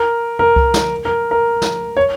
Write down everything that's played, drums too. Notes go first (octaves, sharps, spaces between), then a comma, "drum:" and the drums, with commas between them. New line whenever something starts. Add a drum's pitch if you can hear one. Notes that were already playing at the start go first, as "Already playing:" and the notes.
Already playing: A#4
A#4
drum: kick C#2
drum: snare
A#4
A#4
drum: snare
C#5